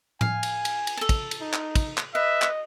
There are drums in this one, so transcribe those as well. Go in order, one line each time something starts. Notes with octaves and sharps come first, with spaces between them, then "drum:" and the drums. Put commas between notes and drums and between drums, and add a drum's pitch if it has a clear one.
F5 G#5, drum: tom A2
drum: cymbal
drum: cymbal
drum: cymbal
A4 A5
drum: kick, cymbal
drum: cymbal
D#4
drum: clap
drum: kick, cymbal
drum: clap
B4 D#5 E5
drum: clap